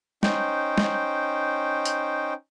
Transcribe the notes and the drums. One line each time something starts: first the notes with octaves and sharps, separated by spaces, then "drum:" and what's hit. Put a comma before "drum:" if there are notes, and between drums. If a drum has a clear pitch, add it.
C#4 D#4 C5 G5, drum: snare
drum: snare
drum: hi-hat